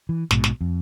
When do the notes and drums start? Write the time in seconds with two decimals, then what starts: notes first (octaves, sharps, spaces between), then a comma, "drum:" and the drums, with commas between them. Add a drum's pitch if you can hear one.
0.09 E3
0.31 A#1 G#2 B2, drum: snare
0.44 drum: snare
0.61 F2